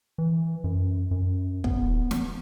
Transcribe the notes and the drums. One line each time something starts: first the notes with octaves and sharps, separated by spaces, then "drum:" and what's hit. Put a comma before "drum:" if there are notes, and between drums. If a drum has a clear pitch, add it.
E3
F#2
F#2
B3, drum: kick
drum: snare